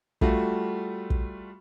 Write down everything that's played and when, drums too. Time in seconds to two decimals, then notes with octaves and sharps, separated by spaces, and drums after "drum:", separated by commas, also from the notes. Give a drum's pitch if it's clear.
0.21 G3 A3 F4 F#4, drum: kick
1.10 drum: kick